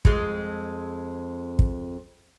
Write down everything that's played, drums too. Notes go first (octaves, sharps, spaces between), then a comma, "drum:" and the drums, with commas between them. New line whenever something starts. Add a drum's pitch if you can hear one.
F2 G#3, drum: kick
drum: kick